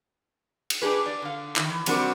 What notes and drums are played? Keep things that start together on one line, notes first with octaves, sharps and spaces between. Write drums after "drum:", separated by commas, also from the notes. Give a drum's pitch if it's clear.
drum: cymbal
D4 G4 G#4 B4
D5
D3 F5
D#3 E4, drum: clap
E3
C3 G3 C4 D4 F#4 A#4, drum: cymbal